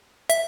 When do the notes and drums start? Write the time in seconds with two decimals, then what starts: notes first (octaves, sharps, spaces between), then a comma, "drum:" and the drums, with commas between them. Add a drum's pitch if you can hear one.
0.29 E5, drum: hi-hat